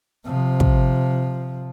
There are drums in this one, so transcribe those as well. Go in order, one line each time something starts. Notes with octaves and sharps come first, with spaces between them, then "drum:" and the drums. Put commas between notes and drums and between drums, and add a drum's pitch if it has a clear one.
C3 F3
drum: kick